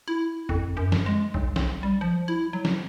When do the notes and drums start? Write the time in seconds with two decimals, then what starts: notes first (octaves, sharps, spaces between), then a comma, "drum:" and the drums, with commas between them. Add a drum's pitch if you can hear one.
0.08 E4
0.49 F2, drum: kick G1
0.77 F#2
0.92 drum: snare
1.06 G#3
1.34 B1, drum: kick G1
1.56 B1, drum: snare
1.83 G3
2.01 F3
2.28 E4
2.53 F#3
2.65 drum: snare